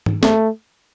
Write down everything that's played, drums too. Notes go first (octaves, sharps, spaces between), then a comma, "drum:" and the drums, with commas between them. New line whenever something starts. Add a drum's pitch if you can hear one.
drum: tom G#2
A3, drum: snare